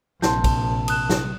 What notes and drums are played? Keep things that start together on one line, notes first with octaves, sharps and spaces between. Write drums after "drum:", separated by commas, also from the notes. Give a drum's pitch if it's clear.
A#1 C3 A5 C6 G6, drum: snare
drum: kick A#1, cymbal
D#6 F#6 E7, drum: cymbal
drum: snare